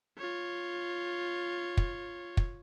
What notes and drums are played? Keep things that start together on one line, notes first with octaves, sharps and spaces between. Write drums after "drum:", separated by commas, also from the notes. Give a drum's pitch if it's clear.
F4 C#5
drum: kick
drum: kick